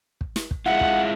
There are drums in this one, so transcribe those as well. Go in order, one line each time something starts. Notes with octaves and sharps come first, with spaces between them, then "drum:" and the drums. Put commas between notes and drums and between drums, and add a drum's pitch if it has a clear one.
drum: kick
drum: snare
drum: kick
G#3 E4 F4 F#5
drum: kick